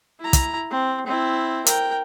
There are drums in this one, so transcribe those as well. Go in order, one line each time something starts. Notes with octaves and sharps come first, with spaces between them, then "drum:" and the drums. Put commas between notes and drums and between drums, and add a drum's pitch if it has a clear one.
E4 A#5
drum: kick, hi-hat
C4
C4 E4
A#4 G5, drum: hi-hat